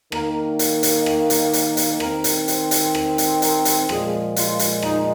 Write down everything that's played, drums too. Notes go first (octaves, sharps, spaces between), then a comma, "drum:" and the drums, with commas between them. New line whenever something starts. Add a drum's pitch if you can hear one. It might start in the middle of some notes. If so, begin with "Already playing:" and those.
D#3 A#3 A#4, drum: rim click
drum: hi-hat
drum: hi-hat
drum: rim click
drum: hi-hat
drum: hi-hat
drum: hi-hat
D#3 C4 A#4, drum: rim click
drum: hi-hat
C5, drum: hi-hat
drum: hi-hat
drum: rim click
drum: hi-hat
A#4, drum: hi-hat
drum: hi-hat
A#2 F3 G#3 G#4, drum: rim click
F4, drum: hi-hat
drum: hi-hat
D#4, drum: rim click